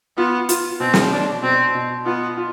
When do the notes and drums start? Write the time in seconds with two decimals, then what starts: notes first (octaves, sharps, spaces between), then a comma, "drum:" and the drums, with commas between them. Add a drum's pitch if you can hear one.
0.18 B3 F4
0.49 F4, drum: hi-hat
0.80 B2 C4
0.94 drum: snare
1.12 B2 D4
1.43 B2 C4
1.75 B2
2.05 B3 F4
2.37 F4